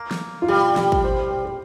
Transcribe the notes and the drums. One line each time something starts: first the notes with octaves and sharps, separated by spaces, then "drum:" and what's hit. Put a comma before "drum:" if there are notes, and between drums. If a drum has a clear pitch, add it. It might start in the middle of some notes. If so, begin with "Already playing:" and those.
Already playing: A#3
drum: snare
F4
G3 G4
G4, drum: snare
drum: kick
C5
C5
C5
G4